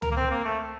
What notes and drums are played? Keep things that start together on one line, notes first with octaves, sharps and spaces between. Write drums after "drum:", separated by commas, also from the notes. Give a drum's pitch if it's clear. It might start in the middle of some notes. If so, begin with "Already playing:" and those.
A#4, drum: tom
A#3
C4
A#3
A3